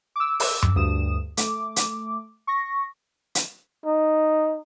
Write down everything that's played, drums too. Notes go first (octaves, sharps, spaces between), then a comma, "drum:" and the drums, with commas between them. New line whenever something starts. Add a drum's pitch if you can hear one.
D6 E6
drum: open hi-hat
drum: tom F#2
D2 G2 D#6 E7
A3 D6, drum: hi-hat
drum: hi-hat
C#6 A#6
drum: hi-hat
D#4